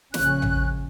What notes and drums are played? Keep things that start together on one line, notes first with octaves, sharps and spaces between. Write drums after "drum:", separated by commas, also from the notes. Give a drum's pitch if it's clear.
A#1 C#3 C#4 F#6, drum: snare
drum: tom A1